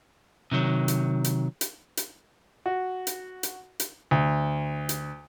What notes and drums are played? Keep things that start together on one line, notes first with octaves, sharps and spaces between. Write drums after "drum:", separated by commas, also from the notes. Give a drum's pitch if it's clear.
C3 D#3 F#3
drum: hi-hat
drum: hi-hat
drum: hi-hat
drum: hi-hat
F#4
drum: hi-hat
drum: hi-hat
drum: hi-hat
D2
drum: hi-hat